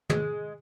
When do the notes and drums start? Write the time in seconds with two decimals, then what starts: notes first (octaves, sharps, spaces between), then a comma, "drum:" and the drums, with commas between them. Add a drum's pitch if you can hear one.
0.10 G#3, drum: tom